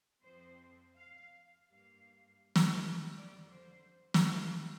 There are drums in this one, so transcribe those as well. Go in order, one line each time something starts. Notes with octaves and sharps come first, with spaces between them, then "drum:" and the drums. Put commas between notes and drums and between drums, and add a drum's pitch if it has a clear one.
F2 F3 C4 C5
F5
G2 G3 A#3 F5
drum: snare
F2 D3 G3 D5
C5
drum: snare
F5